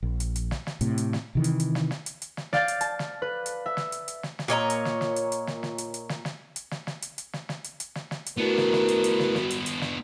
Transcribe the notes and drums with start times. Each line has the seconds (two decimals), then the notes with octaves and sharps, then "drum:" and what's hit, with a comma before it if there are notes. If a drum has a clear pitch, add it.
0.03 A#1
0.20 drum: hi-hat
0.36 drum: hi-hat
0.51 drum: snare
0.67 drum: snare
0.81 A2 C3, drum: hi-hat
0.98 drum: hi-hat
1.13 drum: snare
1.35 C3 D#3 E3
1.44 drum: hi-hat
1.60 drum: hi-hat
1.75 drum: snare
1.91 drum: snare
2.06 drum: hi-hat
2.22 drum: hi-hat
2.37 drum: snare
2.53 D5 F5 G6 A6, drum: snare
2.68 drum: hi-hat
2.81 A5, drum: hi-hat
2.99 drum: snare
3.22 B4
3.46 drum: hi-hat
3.66 E5
3.77 drum: snare
3.92 drum: hi-hat
4.08 drum: hi-hat
4.23 drum: snare
4.39 drum: snare
4.48 A#2 C#5 D#5 A#5
4.70 drum: hi-hat
4.85 drum: snare
5.01 drum: snare
5.16 drum: hi-hat
5.32 drum: hi-hat
5.47 drum: snare
5.63 drum: snare
5.78 drum: hi-hat
5.94 drum: hi-hat
6.09 drum: snare
6.25 drum: snare
6.56 drum: hi-hat
6.71 drum: snare
6.87 drum: snare
7.02 drum: hi-hat
7.18 drum: hi-hat
7.33 drum: snare
7.49 drum: snare
7.64 drum: hi-hat
7.80 drum: hi-hat
7.95 drum: snare
8.11 drum: snare
8.26 drum: hi-hat
8.38 A3 B3 D4 E4 F#4 A#4 B4
8.57 drum: snare
8.73 drum: snare
8.88 drum: hi-hat
9.04 drum: hi-hat
9.19 drum: snare
9.35 drum: snare
9.50 drum: hi-hat
9.66 drum: hi-hat
9.81 drum: snare